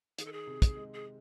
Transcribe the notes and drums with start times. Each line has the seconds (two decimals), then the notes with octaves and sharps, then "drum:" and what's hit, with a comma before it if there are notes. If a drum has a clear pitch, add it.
0.19 D#3 G#4, drum: hi-hat
0.26 A4
0.32 G#4
0.47 C3
0.62 drum: kick, hi-hat
0.77 G#3
0.94 G#4